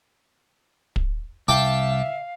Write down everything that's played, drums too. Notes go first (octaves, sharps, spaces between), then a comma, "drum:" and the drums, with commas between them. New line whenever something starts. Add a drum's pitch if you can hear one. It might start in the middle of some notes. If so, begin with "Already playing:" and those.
drum: kick
C2 E5 F5 G5 A5 D6